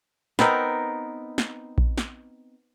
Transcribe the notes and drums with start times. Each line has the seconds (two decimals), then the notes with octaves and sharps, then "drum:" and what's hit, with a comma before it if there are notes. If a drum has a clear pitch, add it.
0.39 B3 C4 D#4 A#4, drum: snare
1.38 drum: snare
1.78 drum: kick A#1
1.98 drum: snare